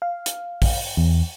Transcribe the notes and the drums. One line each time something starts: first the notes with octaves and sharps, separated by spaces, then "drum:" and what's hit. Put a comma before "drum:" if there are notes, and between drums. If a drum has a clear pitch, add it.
F5
drum: hi-hat
drum: kick, open hi-hat
E2